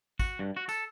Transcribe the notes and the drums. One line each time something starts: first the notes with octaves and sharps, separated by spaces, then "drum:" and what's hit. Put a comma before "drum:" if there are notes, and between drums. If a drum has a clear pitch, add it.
F#4, drum: kick, tambourine
G2
F#4
A4, drum: tambourine